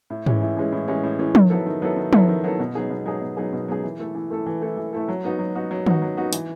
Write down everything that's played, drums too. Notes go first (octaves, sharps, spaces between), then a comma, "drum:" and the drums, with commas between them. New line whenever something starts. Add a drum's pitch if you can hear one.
A2
E3 G#3 C#4, drum: tom G#2
A2
E3 G#3 C#4
A2
E3 G#3 C#4
A2
E3 G#3 C#4
D#3, drum: tom F3
F#3 B3 E4 A4
D#3
F#3 B3 E4 A4
D#3
F#3 B3 E4 A4, drum: tom F3
D#3
F#3 B3 E4 A4
B2
F#3 B3 D#4 G#4
B2
F#3 B3 D#4 G#4
B2
F#3 B3 D#4 G#4
B2
F#3 B3 D#4 G#4
E3
A3 E4 A4
E3
A3 E4 A4
E3
A3 E4 A4
E3
A3 E4 A4
F#3
B3 D#4 F#4
F#3
B3 D#4 F#4
F#3
B3 D#4 F#4, drum: tom D#3
F#3
B3 D#4 F#4
E3, drum: hi-hat